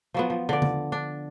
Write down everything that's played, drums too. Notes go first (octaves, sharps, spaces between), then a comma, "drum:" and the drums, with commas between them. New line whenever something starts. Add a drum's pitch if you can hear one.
F3 F#3 B3
F3
D3 D5
drum: tom C#3
D4